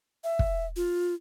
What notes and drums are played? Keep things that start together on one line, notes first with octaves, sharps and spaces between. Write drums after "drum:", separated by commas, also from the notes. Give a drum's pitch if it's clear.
E5
drum: kick
F4